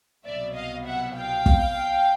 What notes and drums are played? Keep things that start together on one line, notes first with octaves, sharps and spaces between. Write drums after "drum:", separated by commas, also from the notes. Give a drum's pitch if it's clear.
C2 B2 F#3 D5 E5
D#5 F5
E5 F#5
F5 G5
drum: kick